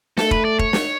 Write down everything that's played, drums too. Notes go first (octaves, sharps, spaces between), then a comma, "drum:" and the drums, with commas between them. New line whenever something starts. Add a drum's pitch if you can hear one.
A3 A4, drum: snare
B4, drum: kick
D5
C#5, drum: kick
drum: snare